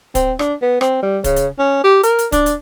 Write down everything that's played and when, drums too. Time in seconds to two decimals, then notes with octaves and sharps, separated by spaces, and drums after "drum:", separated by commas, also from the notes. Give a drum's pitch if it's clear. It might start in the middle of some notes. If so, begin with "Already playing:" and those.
0.15 C4, drum: kick, hi-hat
0.39 D4, drum: rim click
0.62 B3
0.81 C4, drum: rim click
1.02 G3
1.24 C#3, drum: kick, hi-hat
1.36 drum: hi-hat
1.59 C#4
1.84 G4
2.03 A#4, drum: hi-hat
2.19 drum: hi-hat
2.32 D4, drum: kick, hi-hat
2.46 drum: hi-hat